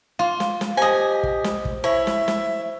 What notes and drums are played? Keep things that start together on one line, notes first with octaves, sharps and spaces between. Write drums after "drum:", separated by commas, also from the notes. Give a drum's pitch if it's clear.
F4 F5
drum: snare
drum: snare
G4 C5 D#5 G#5
drum: kick
drum: snare
drum: kick
E4 C5 C#5 E5
drum: snare
drum: snare